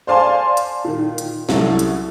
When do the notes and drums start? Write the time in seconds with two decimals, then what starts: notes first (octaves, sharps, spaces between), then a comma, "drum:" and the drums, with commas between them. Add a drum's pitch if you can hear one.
0.07 C5 D5 F5 G#5 A5 C6
0.57 drum: hi-hat
0.84 A#2 D#3
1.18 drum: hi-hat
1.49 C2 F#3 C#4 E4 A4, drum: snare
1.79 drum: hi-hat